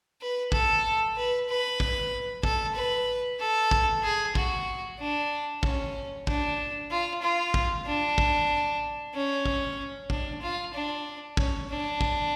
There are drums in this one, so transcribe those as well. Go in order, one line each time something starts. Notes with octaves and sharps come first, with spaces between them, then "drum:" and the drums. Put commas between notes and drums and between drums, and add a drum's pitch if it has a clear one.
B4
A4, drum: kick
B4
B4
drum: kick
A4, drum: kick
B4
A4
drum: kick
G#4
F#4, drum: kick
D4
C#4, drum: kick
D4, drum: kick
F4
F4
drum: kick
D4
drum: kick
C#4
drum: kick
D4, drum: kick
F4
D4
C#4, drum: kick
D4
drum: kick